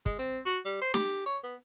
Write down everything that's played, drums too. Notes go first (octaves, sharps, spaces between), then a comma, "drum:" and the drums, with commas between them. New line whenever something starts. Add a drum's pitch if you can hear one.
G#3, drum: kick
C4
F#4
G3
C5
G4, drum: snare
C#5
B3